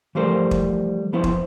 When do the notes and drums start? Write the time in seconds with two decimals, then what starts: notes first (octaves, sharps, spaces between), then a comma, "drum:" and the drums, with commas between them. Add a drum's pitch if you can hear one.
0.15 E3 F3 G3 A3 A#4 C5
0.51 drum: kick
1.13 F3 B3 E4 C5
1.24 drum: kick